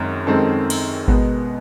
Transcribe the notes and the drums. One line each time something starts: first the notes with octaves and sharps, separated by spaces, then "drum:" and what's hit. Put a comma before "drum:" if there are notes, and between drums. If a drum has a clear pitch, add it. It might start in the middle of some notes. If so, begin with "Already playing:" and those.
Already playing: F#2 D#3 G#3 C4
F#2 D#3 G#3 C4 A4
drum: cymbal
B2 G#3 B3, drum: kick G#1